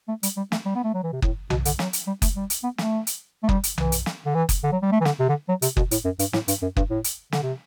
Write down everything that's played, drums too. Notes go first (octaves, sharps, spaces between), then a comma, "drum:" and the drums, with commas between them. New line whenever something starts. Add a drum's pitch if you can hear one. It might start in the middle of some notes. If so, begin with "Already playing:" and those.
A3
G3, drum: hi-hat
G3
A3, drum: snare
G3
B3
A3
F#3
E3
C3
A2, drum: kick F#1
B2, drum: tom B1
D3, drum: hi-hat
F#3, drum: snare
drum: hi-hat
G3
A3, drum: kick F#1, hi-hat
G3
drum: hi-hat
B3
A3, drum: snare
drum: hi-hat
A3
G3, drum: kick F#1
drum: hi-hat
E3, drum: tom B1
drum: hi-hat
drum: snare
D3
E3
drum: kick F#1, hi-hat
D3
F#3
G3
A3
E3
D3, drum: snare
C3
D3
F#3
C3, drum: hi-hat
B2, drum: kick F#1
A2, drum: hi-hat
F#2
G2, drum: hi-hat
A2, drum: snare
G2, drum: hi-hat
F#2
G2, drum: kick F#1
A2
drum: hi-hat
D3, drum: snare
C3